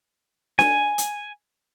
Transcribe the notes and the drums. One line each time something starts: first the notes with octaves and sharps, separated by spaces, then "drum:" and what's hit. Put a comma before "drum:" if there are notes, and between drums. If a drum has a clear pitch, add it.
G#5, drum: snare D4
drum: hi-hat